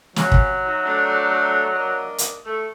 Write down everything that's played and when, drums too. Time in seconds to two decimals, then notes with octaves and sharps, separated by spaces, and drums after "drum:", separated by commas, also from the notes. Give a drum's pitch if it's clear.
0.16 C#3 F#3, drum: snare
0.32 drum: kick
0.65 D#4 F#4 E5
0.85 A3 D4
1.75 A#3 D4 D#5
2.18 drum: hi-hat
2.45 A3